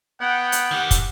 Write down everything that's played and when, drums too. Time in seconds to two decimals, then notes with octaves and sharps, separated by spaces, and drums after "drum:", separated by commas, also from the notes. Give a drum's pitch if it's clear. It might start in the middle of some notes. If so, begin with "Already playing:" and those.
0.21 B3 F#5 G5
0.52 drum: hi-hat
0.71 D#3 G4
0.91 drum: kick, hi-hat